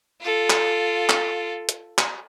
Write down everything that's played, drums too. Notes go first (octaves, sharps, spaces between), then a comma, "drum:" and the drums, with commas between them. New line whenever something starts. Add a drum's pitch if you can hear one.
F4 A4
drum: clap
drum: clap
drum: hi-hat
drum: clap